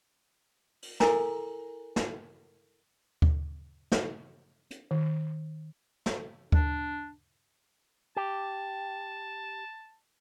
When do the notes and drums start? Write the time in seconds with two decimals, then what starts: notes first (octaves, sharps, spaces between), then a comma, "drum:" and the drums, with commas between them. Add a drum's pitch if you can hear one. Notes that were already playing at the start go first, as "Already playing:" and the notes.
0.82 drum: open hi-hat
1.00 E4 A4 A#4 G#5 A#5, drum: snare
1.96 drum: snare
3.22 drum: kick D2
3.92 drum: snare
4.71 drum: hi-hat
4.91 D#3
6.06 drum: snare
6.52 D4, drum: kick D2
8.17 G4 A5